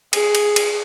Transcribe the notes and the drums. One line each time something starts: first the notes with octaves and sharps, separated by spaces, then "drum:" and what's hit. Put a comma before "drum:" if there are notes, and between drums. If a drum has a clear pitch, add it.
G#4, drum: cymbal
drum: cymbal
drum: cymbal